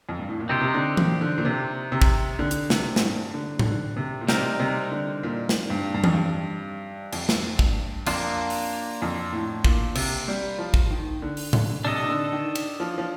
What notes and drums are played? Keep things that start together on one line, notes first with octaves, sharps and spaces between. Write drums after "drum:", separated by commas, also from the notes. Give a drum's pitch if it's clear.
F2
G2
A2
A#2
C3 C4 D#4 G4 C5
C3
D3
A#2, drum: tom E3
D3
A#2
C3
C3
drum: kick
D3
drum: hi-hat
C3, drum: snare
A2, drum: snare
G2
D3
D#3, drum: tom A2
D3
C3
A#2
C3 G3 C4 D#4 A#4, drum: snare
C3
D3
A#2
drum: snare
G2
G2
F2, drum: tom E3
G2
F2, drum: cymbal
drum: snare
G2, drum: kick
F2 A#3 D4 F4, drum: cymbal
drum: open hi-hat
F2
A2
A#2, drum: kick
C3, drum: cymbal
G3
F3
drum: kick
D#3
D3
drum: open hi-hat
D3, drum: tom A2
C3 D4 A4 D#5
D#3
D3
D#3
drum: cymbal
F3
F3